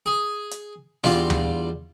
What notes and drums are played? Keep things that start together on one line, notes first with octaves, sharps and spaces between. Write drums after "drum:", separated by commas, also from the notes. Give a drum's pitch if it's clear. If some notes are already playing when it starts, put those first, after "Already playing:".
G#4
drum: hi-hat
E2 G3 D4 F4, drum: snare
drum: tom D#2